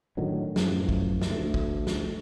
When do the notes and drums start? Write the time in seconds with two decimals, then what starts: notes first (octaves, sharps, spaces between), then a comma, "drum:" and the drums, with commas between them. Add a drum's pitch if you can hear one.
0.17 A2 D3 D#3 F#3
0.56 F#2 A2 E3 F3, drum: snare
0.89 drum: kick
1.21 drum: snare
1.30 D2 A3
1.54 drum: kick
1.87 drum: snare